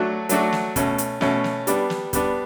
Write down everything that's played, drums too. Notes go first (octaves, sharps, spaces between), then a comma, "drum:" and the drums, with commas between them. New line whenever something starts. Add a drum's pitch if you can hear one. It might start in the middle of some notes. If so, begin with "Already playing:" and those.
Already playing: F#3 A3 D4 F#4
F#3 A3 D4 F#4, drum: hi-hat
drum: snare
B2 A3 C#4, drum: kick, hi-hat
drum: hi-hat
B2 A3 C#4, drum: snare
drum: snare
G3 B3 D4, drum: hi-hat
drum: snare
G3 B3 D4, drum: kick, hi-hat